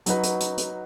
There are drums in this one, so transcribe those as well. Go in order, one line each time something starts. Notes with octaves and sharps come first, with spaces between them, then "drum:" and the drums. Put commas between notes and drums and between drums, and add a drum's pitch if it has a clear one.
F#3 D#4 F#4 B4, drum: hi-hat
drum: hi-hat
drum: hi-hat
drum: hi-hat